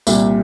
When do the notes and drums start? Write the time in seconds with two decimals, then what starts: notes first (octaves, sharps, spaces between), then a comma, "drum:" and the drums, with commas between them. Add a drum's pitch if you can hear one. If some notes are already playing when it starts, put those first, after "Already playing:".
0.07 C2 A#2 G3, drum: tambourine